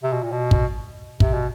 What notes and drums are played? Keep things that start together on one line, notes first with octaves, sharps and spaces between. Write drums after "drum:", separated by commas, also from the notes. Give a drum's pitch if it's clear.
C3
B2
A#2
B2
drum: kick
C3, drum: kick
B2